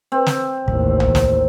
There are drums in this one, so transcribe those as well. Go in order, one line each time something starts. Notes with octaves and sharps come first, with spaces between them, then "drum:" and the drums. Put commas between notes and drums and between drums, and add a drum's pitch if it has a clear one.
C4
drum: snare
A1 D#2, drum: kick
drum: tom C2
drum: snare